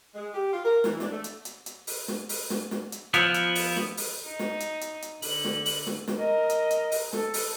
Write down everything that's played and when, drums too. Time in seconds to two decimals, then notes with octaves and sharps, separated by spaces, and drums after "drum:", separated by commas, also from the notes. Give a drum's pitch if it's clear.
0.15 G#3
0.33 G4
0.52 F4
0.64 A#4
0.84 E3, drum: snare
1.00 D4, drum: snare
1.11 A3
1.24 drum: hi-hat
1.45 drum: hi-hat
1.66 drum: hi-hat
1.87 drum: open hi-hat
2.08 drum: snare
2.29 drum: open hi-hat
2.50 drum: snare
2.71 drum: snare
2.92 drum: hi-hat
3.14 F3 B3 E4, drum: hi-hat
3.34 drum: hi-hat
3.55 drum: open hi-hat
3.76 drum: snare
3.97 drum: open hi-hat
4.25 D#4
4.39 drum: snare
4.60 drum: hi-hat
4.81 drum: hi-hat
5.02 drum: hi-hat
5.22 D3 F#7, drum: open hi-hat
5.44 drum: snare
5.65 drum: open hi-hat
5.86 drum: snare
6.08 drum: snare
6.17 A#4 D#5
6.50 drum: hi-hat
6.71 drum: hi-hat
6.92 drum: open hi-hat
7.13 A4, drum: snare
7.34 drum: open hi-hat